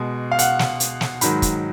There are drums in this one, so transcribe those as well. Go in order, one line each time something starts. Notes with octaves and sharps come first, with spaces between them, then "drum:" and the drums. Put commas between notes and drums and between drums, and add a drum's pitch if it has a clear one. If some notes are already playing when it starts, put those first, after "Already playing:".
Already playing: B2 G#3
F5
F#5, drum: hi-hat
drum: snare
drum: hi-hat
drum: snare
G#2 D#3 F#3 B5, drum: hi-hat
drum: kick, hi-hat